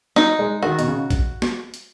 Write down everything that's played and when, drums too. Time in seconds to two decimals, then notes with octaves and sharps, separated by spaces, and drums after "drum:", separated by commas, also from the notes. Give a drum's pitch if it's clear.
0.16 D#4, drum: snare
0.39 G#3
0.63 D#3 F#4
0.79 B2, drum: hi-hat
0.87 C#3
1.10 drum: kick, hi-hat
1.42 drum: snare
1.74 drum: hi-hat